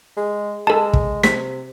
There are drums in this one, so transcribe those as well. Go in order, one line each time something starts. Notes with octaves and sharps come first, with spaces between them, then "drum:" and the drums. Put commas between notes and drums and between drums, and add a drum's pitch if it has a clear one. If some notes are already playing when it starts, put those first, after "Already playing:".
G#3
G#3 A4 A5
drum: kick
C3 B6, drum: snare